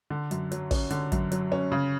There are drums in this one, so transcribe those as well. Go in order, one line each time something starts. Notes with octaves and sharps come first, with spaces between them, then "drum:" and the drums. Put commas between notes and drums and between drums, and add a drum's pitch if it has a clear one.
D3
F#2, drum: hi-hat
F#3, drum: hi-hat
C#4, drum: kick, open hi-hat
D3, drum: hi-hat
F#2, drum: kick, hi-hat
F#3, drum: hi-hat
C#4
C#3